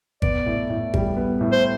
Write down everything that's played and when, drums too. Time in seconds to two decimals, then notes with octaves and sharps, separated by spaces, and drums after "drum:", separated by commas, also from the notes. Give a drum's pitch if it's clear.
0.22 B3 D5, drum: kick G#1
0.46 A2
0.70 A2
0.94 G3, drum: kick G#1
1.16 B3
1.41 A2
1.52 C5